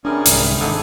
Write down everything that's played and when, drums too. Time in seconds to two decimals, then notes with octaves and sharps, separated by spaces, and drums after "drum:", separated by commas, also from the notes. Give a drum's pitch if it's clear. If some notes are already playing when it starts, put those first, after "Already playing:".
0.05 A2 C3 E3 C#4 D4 G#4 A#4 D5
0.26 C2 G#2 D3, drum: hi-hat
0.60 G#1 G#2 D3 D#4 G#4 A4 D5 D#5